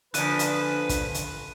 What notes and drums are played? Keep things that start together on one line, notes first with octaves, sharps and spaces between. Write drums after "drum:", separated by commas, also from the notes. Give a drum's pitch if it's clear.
A#2 D3 F3 B4 F#6 D#7, drum: hi-hat
drum: hi-hat
drum: kick, hi-hat
drum: hi-hat